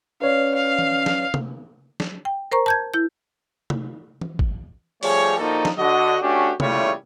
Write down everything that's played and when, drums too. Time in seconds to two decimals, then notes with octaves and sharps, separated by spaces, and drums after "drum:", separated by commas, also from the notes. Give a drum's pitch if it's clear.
0.22 C#4 B4 C#5 D5 F5
0.55 F5
0.79 drum: tom E3
1.06 drum: snare
1.34 drum: tom
2.00 drum: snare
2.25 G5
2.52 A#4 C5 A#5 C#6
2.66 A5 G6 G#6
2.94 E4 G6
3.70 drum: tom
4.21 drum: tom E3
4.39 drum: kick
5.03 F3 G3 A3 G#4 C#5, drum: open hi-hat
5.39 A#2 F3 A#3 D#4 F#4 A4
5.65 drum: snare
5.78 D3 F#4 D#5
6.22 A3 C#4 D4 F#4 G4
6.60 C#3 G3 A3 E4 F4 C#5, drum: tom